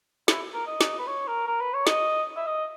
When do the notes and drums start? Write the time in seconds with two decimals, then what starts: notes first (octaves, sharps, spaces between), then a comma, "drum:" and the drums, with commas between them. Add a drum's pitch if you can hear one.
0.28 E4, drum: snare
0.53 A#4
0.67 D#5
0.81 drum: snare
0.98 B4
1.07 C#5
1.27 A#4
1.47 A#4
1.60 B4
1.73 C#5
1.87 D#5, drum: snare
2.37 E5
2.47 D#5